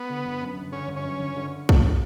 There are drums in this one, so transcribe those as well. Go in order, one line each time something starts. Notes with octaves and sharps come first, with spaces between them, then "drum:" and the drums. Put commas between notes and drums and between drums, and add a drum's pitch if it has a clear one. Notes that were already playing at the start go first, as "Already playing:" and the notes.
Already playing: B3
D3
G1
F#2
G1
D3 C#4
G1
C#4
F#2
G1
D3
drum: kick